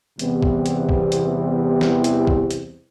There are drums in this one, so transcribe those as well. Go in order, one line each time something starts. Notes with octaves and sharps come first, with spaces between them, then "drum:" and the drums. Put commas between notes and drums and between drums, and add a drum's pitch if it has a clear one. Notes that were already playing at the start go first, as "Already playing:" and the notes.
E2 C3 E3 G3 B3 C4, drum: hi-hat
drum: kick
drum: hi-hat
drum: kick
drum: hi-hat
drum: snare
drum: hi-hat
drum: kick
drum: hi-hat